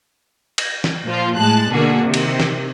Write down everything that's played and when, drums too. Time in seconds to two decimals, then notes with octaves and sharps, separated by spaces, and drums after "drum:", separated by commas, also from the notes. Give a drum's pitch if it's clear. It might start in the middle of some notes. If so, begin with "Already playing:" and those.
0.58 drum: cymbal
0.84 drum: snare
1.05 A#2 F3 F4
1.36 A2 G#3 A5 F#6
1.69 B2 D3 A#3 D4 F#4 G#4
2.04 C3 D#3
2.14 drum: cymbal
2.40 drum: snare